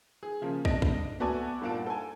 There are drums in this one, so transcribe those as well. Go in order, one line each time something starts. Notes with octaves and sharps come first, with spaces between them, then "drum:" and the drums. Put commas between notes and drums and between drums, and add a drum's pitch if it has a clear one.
G#4
C#3 F3 A#3
D4 D#5 A#6 D7, drum: kick
drum: kick
A3 B3 F#4 A4 D5 G#5
G2 A#2 F4 F#5 A5 D7
A4 G#5